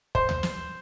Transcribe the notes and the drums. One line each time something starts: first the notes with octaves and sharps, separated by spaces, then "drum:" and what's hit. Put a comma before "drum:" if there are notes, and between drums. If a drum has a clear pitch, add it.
C5, drum: kick
drum: tom D2
drum: snare